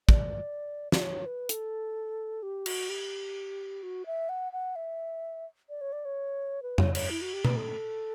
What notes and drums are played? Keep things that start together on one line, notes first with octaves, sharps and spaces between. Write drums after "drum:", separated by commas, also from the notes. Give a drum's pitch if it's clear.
D5, drum: kick
D5, drum: snare
C#5
B4
A4, drum: hi-hat
G4
F#4, drum: cymbal
G4
F#4
E5
F#5
F#5
E5
D5
C#5
D5
C#5
B4
C#5, drum: tom F2
C#5, drum: cymbal
E4
F#4
G4
B4, drum: tom B2
A4